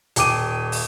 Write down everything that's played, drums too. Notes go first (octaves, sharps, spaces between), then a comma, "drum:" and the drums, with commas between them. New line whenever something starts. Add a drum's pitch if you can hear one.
D#1 G5 D6 D#7, drum: hi-hat
drum: open hi-hat